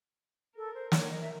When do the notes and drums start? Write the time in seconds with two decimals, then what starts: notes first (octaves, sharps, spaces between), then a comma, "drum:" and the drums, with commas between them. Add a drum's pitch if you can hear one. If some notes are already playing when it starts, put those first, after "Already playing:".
0.56 A4 A#4
0.74 C5
0.92 C#5, drum: snare
1.10 D#5
1.21 E5